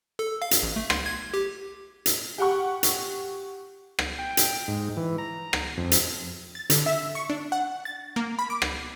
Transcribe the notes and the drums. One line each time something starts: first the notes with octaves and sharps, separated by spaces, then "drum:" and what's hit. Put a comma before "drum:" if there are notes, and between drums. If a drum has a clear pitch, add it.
A4
F5
drum: hi-hat
A1
A3
C6, drum: rim click
G#6
G4
drum: hi-hat
G4 F#5 C#6
drum: hi-hat
drum: rim click
G5
drum: hi-hat
G#2
E3
A#5
drum: rim click
F2
drum: hi-hat
A6
D3, drum: hi-hat
E5
C#6
D4
F#5
A6
A#3
B5
D6
drum: rim click